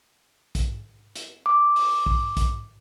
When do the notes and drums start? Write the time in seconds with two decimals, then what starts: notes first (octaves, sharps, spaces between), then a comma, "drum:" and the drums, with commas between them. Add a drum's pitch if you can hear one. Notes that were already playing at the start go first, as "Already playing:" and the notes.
0.55 drum: kick A#1, hi-hat
1.15 drum: hi-hat
1.46 D6
1.76 drum: open hi-hat
2.06 drum: kick A#1
2.37 drum: kick A#1, hi-hat